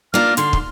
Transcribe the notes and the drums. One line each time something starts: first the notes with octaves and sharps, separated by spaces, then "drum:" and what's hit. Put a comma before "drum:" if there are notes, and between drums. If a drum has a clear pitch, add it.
A#3 D4 F4 F6
D3 C6, drum: hi-hat
drum: kick